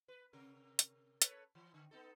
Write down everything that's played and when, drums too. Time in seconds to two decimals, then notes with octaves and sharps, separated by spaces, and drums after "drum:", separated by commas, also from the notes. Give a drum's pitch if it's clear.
0.08 B4
0.33 C3 A#4
0.79 drum: hi-hat
1.22 A4 B4 C#5, drum: hi-hat
1.55 E3
1.74 D3
1.91 B3 D#4 A4